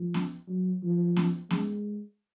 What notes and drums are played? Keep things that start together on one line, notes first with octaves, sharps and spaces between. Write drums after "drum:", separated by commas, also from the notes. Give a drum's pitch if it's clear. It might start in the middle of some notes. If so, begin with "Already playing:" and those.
Already playing: F3
drum: snare B3
F#3
F3
drum: snare B3
G#3, drum: snare B3